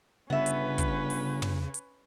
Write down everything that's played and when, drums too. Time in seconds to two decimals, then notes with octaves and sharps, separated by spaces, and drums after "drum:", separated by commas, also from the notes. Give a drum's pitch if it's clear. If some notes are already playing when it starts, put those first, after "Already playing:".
0.30 G1 C#3 B3 C#4 B4 E5
0.46 drum: hi-hat
0.78 drum: kick, hi-hat
1.10 drum: open hi-hat
1.42 drum: tom
1.74 drum: hi-hat